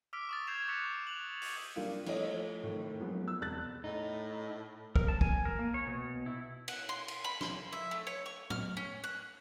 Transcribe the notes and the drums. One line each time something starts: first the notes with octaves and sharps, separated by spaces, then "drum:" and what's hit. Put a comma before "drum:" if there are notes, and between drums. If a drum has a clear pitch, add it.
D6 E6 F6 B6 D7
C#6 D#6 A6
D#6 G6 G#6 C7 E7 F7
C#6 E6 F#6 B6 C#7
F#6 F7 F#7
drum: open hi-hat
G3 A#3 D4 F4 F5
F3 A3 E4 C#5 D#5, drum: cymbal
A2 D#3
F#2 F3 G#3 B3
E6
E1 F#6 A6
A2 D#4
A#4, drum: kick
A5
G#5, drum: kick
A#4
A#3
C#5
B2
E4
F#5, drum: cymbal
C6
drum: cymbal
B5
C6, drum: snare
E5
A3
C#5
C#6
F6, drum: tom
C#4
F#6